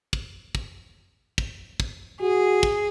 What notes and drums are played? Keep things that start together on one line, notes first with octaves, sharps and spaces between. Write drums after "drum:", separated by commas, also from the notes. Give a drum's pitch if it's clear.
drum: kick
drum: kick
drum: kick
drum: kick
F#4 G#4
drum: kick